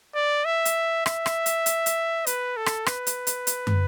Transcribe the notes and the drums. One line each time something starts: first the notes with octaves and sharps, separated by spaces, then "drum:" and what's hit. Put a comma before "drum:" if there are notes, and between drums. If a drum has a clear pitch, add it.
D5
E5
drum: hi-hat
E5, drum: rim click
drum: rim click
drum: hi-hat
drum: hi-hat
drum: hi-hat
B4, drum: hi-hat
A4
drum: rim click
B4, drum: rim click
drum: hi-hat
drum: hi-hat
drum: hi-hat
drum: tom